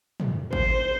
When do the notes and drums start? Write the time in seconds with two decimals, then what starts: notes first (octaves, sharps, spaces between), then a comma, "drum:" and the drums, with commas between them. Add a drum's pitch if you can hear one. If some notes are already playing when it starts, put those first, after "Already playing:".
0.20 drum: tom
0.53 C5, drum: kick G#1